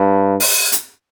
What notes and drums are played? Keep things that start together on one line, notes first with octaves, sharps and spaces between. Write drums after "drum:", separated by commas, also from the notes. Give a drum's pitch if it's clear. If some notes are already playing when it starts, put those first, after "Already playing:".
Already playing: G2
drum: open hi-hat
drum: hi-hat